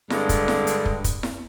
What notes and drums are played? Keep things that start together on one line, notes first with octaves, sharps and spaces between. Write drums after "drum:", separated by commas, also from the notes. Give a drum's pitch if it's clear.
G2 D3 G#3, drum: snare E4
drum: kick, hi-hat
drum: snare E4
drum: hi-hat
drum: kick
drum: kick, hi-hat
drum: snare E4